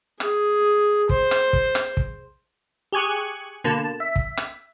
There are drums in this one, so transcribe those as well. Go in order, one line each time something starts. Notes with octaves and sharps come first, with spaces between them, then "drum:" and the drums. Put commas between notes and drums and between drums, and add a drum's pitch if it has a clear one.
G#4, drum: rim click
C5, drum: kick
drum: rim click
drum: kick
drum: rim click
drum: kick
G4 G#4 G#5 C#6 F#6
B2 D3 A#3 A5
E5
drum: kick
drum: rim click